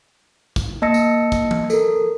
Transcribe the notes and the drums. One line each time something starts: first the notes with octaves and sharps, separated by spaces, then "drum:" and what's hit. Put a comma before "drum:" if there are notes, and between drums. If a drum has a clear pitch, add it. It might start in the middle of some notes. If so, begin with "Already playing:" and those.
drum: kick, tambourine
A#3 D#5 A5 E6 A#6 C#7
drum: tambourine
drum: kick, tambourine
drum: tom E3
A4 A#4, drum: tambourine